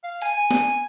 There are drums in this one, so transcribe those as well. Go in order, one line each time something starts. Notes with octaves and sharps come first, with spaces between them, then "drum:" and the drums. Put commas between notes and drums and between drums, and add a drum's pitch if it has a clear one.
F5
G#5, drum: hi-hat
G#5
drum: snare